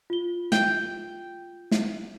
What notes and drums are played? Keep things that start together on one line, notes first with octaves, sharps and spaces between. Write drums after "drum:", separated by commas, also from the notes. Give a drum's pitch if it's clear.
F4 G7
G5, drum: snare
drum: snare